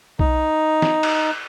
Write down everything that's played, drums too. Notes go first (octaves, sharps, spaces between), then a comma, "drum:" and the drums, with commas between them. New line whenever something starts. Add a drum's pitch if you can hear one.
D#4, drum: kick B1
drum: snare
drum: cymbal